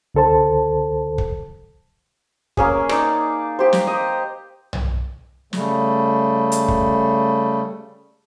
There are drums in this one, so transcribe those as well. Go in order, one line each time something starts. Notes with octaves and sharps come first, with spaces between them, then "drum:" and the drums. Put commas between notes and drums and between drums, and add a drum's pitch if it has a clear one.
C#2 D3 A4 C5 A5
drum: kick
A#3 C#4 G#4, drum: kick
D#4 D5, drum: rim click
G4 C5
drum: snare
D#5
drum: tom B1
C#3 G3 A3, drum: snare
drum: hi-hat
drum: kick